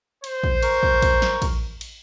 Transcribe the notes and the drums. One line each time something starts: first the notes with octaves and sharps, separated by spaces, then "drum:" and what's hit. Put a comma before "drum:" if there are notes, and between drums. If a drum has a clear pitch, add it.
C5, drum: cymbal
drum: kick
A#4 C#6, drum: cymbal
drum: kick
drum: kick, cymbal
drum: snare
drum: kick, cymbal
drum: cymbal